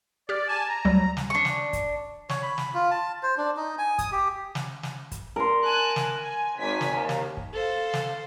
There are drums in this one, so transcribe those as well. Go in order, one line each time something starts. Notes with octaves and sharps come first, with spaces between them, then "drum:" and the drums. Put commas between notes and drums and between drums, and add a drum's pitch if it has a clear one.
G4 D5 F6
G#5 A5
A#5
D2 F#3 G3
drum: snare
D4 C#6
drum: snare
drum: kick, hi-hat
C#5, drum: snare
B5
drum: snare
F4
A5
C5
D4
D#4
G#5
D#6, drum: kick, hi-hat
G4
drum: snare
drum: snare
drum: kick, hi-hat
A#4 C6
G#5 A5 F#6
drum: snare
G#5
G#1 G#5 B6
drum: snare
D#2
drum: snare
drum: kick
A4 C5 F5
drum: snare